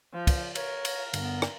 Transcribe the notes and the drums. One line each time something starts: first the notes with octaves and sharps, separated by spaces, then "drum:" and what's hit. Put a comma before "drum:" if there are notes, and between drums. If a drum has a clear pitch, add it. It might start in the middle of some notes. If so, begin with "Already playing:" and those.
F3
drum: kick, cymbal
A#4 C#5, drum: cymbal
drum: cymbal
G2 D3 B3, drum: cymbal
drum: rim click